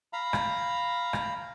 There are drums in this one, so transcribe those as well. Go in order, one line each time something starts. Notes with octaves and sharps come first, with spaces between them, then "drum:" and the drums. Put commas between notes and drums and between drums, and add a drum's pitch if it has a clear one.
F5 A#5 B5
drum: rim click
drum: rim click